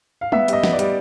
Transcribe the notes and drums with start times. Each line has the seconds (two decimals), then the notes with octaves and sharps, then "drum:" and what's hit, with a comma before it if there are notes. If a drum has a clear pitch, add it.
0.21 F5
0.32 B3 E5, drum: tom G3
0.48 G3 D#5, drum: hi-hat
0.63 B3, drum: snare
0.73 D5
0.79 G3, drum: hi-hat